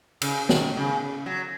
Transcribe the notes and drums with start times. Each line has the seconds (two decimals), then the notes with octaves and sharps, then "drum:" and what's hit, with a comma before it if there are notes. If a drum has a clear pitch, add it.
0.22 C#3, drum: cymbal
0.49 D#3, drum: snare
0.77 C#3
1.26 F#3